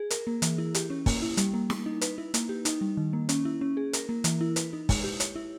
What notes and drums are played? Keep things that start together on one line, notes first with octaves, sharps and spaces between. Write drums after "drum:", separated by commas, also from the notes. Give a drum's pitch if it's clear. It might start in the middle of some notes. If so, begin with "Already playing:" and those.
Already playing: G#4
A#4, drum: hi-hat
A#3
E3, drum: hi-hat
E4
G4, drum: hi-hat
C#4
A#3, drum: kick, open hi-hat
E4
G3, drum: hi-hat
A#3
G3, drum: snare
D#4
B4, drum: hi-hat
E4
A#3, drum: hi-hat
G4
D#4, drum: hi-hat
G3
D#3
A#3
C#4, drum: hi-hat
E4
C#4
G#4
A#4, drum: hi-hat
A#3
E3, drum: hi-hat
E4
B4, drum: hi-hat
D#4
G#3, drum: kick, open hi-hat
G4
C#5, drum: hi-hat
E4